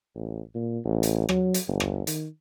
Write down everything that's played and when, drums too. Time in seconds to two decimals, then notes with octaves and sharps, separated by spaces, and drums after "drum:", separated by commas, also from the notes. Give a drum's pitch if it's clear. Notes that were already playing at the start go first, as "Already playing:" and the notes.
0.15 A1
0.54 A#2
0.84 A1
1.03 drum: hi-hat
1.29 F#3, drum: rim click
1.54 drum: hi-hat
1.67 G1
1.80 drum: rim click
2.07 D#3, drum: hi-hat